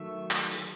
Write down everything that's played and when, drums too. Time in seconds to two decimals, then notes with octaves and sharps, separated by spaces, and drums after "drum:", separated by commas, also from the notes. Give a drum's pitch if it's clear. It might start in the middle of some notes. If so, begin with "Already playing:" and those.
Already playing: D#3 F#3 A3 E5
0.31 drum: clap
0.51 drum: hi-hat